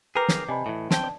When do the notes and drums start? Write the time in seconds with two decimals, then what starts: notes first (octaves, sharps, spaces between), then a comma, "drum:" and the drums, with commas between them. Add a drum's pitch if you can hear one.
0.15 G#4 A#4 B4 G5 A#5 D6 G6 C7
0.28 drum: snare
0.49 C3 D5 D#5 G#5 A5 B5
0.66 A2 E3 E5
0.91 C4 G5 A5, drum: snare
1.04 D5